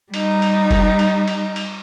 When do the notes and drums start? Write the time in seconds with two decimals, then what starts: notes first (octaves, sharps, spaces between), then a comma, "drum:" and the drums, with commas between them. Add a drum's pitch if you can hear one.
0.14 G3 D#4, drum: cymbal
0.42 drum: cymbal
0.71 drum: kick F1, cymbal
0.99 drum: cymbal
1.28 drum: cymbal
1.56 drum: cymbal